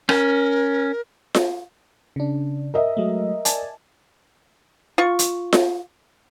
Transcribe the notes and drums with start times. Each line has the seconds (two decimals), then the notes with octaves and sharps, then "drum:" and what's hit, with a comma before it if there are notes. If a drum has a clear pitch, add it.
0.09 C#4 A#4, drum: rim click
1.35 drum: snare F4
2.16 C#3 D4
2.74 A#4 D#5 E5
2.97 F#3 G#3 A3
3.45 D5 G#5 A5, drum: hi-hat
4.98 F4 C#6
5.19 drum: hi-hat
5.53 drum: snare F4